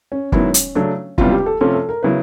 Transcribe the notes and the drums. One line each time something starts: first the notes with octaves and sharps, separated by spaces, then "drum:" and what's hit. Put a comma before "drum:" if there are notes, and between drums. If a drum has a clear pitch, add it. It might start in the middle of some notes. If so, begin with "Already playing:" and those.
C#4
G#2 D#3 F#3 B3 C#4 E4, drum: kick
drum: hi-hat
C#3 F#3 A3 D4
C#2 C3 E3 G3 B3 F4, drum: kick
G4
A4
C3 F3 A3 C#4 A4
A4
A#4
C#3 F#3 B3 E4 B4